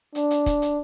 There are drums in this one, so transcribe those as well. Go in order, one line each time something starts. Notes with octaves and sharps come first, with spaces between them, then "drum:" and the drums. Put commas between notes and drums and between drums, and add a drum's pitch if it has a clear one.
D4, drum: hi-hat
drum: hi-hat
drum: kick, hi-hat
drum: hi-hat